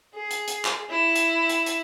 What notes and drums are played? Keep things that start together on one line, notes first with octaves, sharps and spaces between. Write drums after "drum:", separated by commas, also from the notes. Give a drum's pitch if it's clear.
G#4
drum: hi-hat
drum: hi-hat
drum: clap
E4
drum: hi-hat
drum: hi-hat
drum: hi-hat